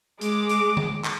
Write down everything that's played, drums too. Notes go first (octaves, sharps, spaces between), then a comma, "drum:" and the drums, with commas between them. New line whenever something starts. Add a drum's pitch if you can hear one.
G#3 D6, drum: hi-hat
drum: hi-hat
drum: tom D3
drum: clap